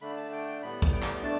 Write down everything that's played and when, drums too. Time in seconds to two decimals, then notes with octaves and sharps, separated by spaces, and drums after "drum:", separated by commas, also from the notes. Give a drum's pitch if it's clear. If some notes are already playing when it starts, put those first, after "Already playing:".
0.01 D3 A3 D4 B5
0.17 A5
0.32 G5
0.47 G5
0.62 A2 G3 B3 B5
0.82 drum: kick
0.92 G5
1.02 drum: clap
1.22 B2 A3 D4 A5